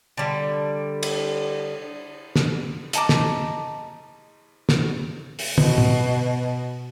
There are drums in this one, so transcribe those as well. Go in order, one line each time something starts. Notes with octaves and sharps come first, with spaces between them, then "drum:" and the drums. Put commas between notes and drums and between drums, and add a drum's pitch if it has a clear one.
D3 G3
drum: cymbal
drum: snare
D#5 A5 A#5 D6, drum: hi-hat
drum: snare
drum: snare
drum: open hi-hat
B2, drum: tom
drum: tom A2